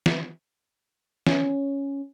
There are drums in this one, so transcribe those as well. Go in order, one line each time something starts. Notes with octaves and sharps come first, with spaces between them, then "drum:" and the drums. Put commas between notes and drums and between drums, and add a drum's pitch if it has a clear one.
drum: snare
C#4, drum: snare